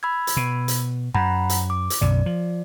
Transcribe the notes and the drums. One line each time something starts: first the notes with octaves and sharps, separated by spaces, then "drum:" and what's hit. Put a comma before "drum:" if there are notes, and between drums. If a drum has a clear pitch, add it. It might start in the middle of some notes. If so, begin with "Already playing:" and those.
B5 E6 G#6
drum: hi-hat
B2
drum: hi-hat
F#2 F#5 A#5 B5
drum: hi-hat
D6
drum: hi-hat
B1 F#2 D3 D5
F3